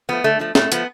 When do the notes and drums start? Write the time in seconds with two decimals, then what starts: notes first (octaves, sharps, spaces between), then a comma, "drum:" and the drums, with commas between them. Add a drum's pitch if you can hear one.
0.09 F3 A3 B3
0.24 D3 A3
0.40 F3 A3
0.55 A2 A3, drum: snare
0.72 F3 A3 B3, drum: hi-hat